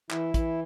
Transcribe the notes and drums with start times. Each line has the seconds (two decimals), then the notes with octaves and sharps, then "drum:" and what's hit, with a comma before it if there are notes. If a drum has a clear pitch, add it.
0.11 E3 E4, drum: clap
0.34 E3, drum: kick, hi-hat